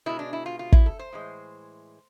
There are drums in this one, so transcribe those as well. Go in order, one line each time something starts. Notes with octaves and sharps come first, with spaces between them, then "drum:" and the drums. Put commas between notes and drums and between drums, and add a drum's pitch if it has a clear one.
B2 G#3 E4
D4
E4
F4
F4
E4, drum: kick
A4
C5
A2 E3 G#3